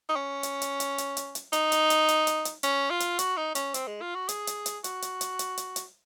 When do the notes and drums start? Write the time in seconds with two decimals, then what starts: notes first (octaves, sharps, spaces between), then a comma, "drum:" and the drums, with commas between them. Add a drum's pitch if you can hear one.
0.09 D#4
0.16 C#4
0.43 drum: hi-hat
0.62 drum: hi-hat
0.80 drum: hi-hat
0.98 drum: hi-hat
1.17 drum: hi-hat
1.35 drum: hi-hat
1.53 D#4, drum: hi-hat
1.72 drum: hi-hat
1.90 drum: hi-hat
2.08 drum: hi-hat
2.27 drum: hi-hat
2.45 drum: hi-hat
2.63 C#4, drum: hi-hat
2.91 F4
3.00 drum: hi-hat
3.19 F#4, drum: hi-hat
3.37 D#4
3.55 C#4, drum: hi-hat
3.74 C4, drum: hi-hat
3.87 G#3
4.02 F4
4.15 F#4
4.29 G#4, drum: hi-hat
4.47 drum: hi-hat
4.66 drum: hi-hat
4.84 F#4, drum: hi-hat
5.02 drum: hi-hat
5.21 drum: hi-hat
5.39 drum: hi-hat
5.57 drum: hi-hat
5.76 drum: hi-hat